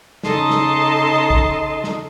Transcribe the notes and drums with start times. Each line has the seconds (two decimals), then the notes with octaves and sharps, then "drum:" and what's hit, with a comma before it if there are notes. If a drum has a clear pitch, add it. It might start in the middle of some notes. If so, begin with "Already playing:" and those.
0.23 C#3 D#4 A4 D#5 A5 C6, drum: snare
0.50 drum: snare
1.30 drum: kick
1.84 drum: snare